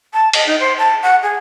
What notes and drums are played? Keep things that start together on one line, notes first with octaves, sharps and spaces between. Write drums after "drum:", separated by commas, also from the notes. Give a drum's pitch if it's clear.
A5
D#5, drum: cymbal
D#4
C5
A5
F#5
G#4